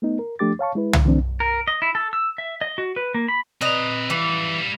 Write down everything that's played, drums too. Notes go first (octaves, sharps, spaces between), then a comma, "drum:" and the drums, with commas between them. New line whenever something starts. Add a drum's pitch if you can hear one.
A3 B3 D#4
A#4
F3 A3 D4 G4 D6 A6
C#5 F5 A5 C#6
G#3 E4 B4
drum: tom
D3 E3 F3 A3 C4 D4
A#4
D#5
E4
A4
E6
E5
D#5
F#4
B4
A#3
B5
C4 B4 D#5 A#5
E3 G3 F5